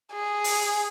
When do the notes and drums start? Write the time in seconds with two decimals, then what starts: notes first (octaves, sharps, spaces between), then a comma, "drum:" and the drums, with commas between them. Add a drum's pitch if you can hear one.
0.13 G#4
0.44 drum: open hi-hat